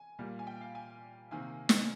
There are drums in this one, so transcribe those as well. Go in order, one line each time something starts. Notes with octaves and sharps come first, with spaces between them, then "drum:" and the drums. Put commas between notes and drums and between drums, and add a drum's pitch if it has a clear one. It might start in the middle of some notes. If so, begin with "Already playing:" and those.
Already playing: G#5
A#2 G3 A#3
G#5
G5
F5
G#5
C3 D#3 A#3 G#5
drum: snare